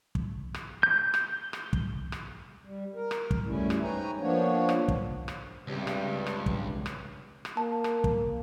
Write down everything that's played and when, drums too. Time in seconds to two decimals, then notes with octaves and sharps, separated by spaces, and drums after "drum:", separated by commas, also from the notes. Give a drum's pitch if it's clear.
0.15 drum: kick
0.54 drum: rim click
0.83 G6
1.14 drum: rim click
1.53 drum: rim click
1.73 drum: kick
2.12 drum: rim click
2.64 G3
2.95 A#4
3.11 drum: rim click
3.31 drum: kick
3.46 F#2 G3 A3 C#4 E4
3.70 drum: rim click
3.83 G#2 B4 C#5 G5 G#5 A#5
4.21 F3 A#3 B3 D4 C#5
4.69 drum: rim click
4.88 drum: kick
5.28 drum: rim click
5.67 C#2 G2 C3 G3
5.87 drum: rim click
6.26 drum: rim click
6.46 drum: kick
6.86 drum: rim click
7.45 drum: rim click
7.57 A#3 A5
7.84 drum: rim click
8.04 drum: kick